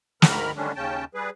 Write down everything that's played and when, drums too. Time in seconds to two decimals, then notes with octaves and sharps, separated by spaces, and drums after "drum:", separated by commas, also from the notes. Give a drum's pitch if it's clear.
0.22 D2 G#2 D#3 A#4 B5 F6, drum: snare
0.56 D3 D#3 G3 C#4 D4
0.76 D#2 C#3 C#4 G5 A5
1.14 G3 G#4 B4